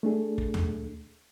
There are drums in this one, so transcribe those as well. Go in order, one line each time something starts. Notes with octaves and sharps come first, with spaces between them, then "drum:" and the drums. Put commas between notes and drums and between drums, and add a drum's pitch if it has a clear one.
A3 D4 G#4 A4
drum: kick
drum: tom D#2